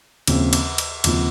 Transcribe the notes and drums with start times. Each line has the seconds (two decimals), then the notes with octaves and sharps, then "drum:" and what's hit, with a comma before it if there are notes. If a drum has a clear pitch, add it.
0.27 D#2 C#3 F3 C4, drum: cymbal
0.53 drum: cymbal
0.78 drum: cymbal
1.04 D#2 C#3 F3 C4, drum: cymbal